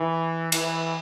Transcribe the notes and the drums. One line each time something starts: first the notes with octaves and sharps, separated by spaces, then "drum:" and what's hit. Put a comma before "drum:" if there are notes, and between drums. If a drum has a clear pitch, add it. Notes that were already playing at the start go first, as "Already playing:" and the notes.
Already playing: E3
E3, drum: cymbal